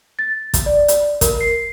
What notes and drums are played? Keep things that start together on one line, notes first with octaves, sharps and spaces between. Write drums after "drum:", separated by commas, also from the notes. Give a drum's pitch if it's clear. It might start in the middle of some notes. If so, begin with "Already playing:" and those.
A6
drum: kick, hi-hat
D5
drum: hi-hat
A#4, drum: kick, hi-hat
C7